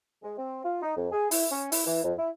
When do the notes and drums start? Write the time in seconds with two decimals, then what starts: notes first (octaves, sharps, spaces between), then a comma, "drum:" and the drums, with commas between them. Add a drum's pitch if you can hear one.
0.23 G#3
0.38 C4
0.64 F4
0.82 D#4
0.97 F2
1.12 G#4
1.31 E4, drum: open hi-hat
1.51 C#4
1.72 E4, drum: open hi-hat
1.87 E3
2.04 F2
2.18 E4